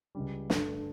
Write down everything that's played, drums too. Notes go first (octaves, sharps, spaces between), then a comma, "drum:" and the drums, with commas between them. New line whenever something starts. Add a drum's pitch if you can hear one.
C#2 C#3 G3
G2 D3 A3 D4, drum: snare